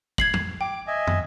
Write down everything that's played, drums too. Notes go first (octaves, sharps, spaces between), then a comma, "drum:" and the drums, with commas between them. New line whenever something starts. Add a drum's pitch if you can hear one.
G#6 C7 F#7, drum: kick
drum: tom
G5 D6
D#5 E5 G#5
F#2, drum: tom